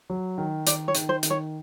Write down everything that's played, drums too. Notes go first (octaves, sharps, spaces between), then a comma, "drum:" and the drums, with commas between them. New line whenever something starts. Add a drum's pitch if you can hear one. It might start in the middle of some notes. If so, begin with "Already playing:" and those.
F#3
D#3
D#3 D5, drum: hi-hat
C#5
D#3, drum: hi-hat
C5
D#3, drum: hi-hat
C#5